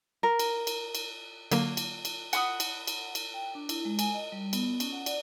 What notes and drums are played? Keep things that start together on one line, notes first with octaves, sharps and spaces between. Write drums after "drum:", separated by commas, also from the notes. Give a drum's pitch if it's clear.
A#4
drum: cymbal
drum: cymbal
drum: cymbal
D3 F#3 A#3, drum: cymbal
drum: cymbal
drum: cymbal
F#5 B5 D#6, drum: cymbal
drum: cymbal
drum: cymbal
drum: cymbal
G5
D4
E4, drum: cymbal
G#3
G#5, drum: cymbal
D#5
G3
B3, drum: cymbal
C#4, drum: cymbal
F#5
D5, drum: cymbal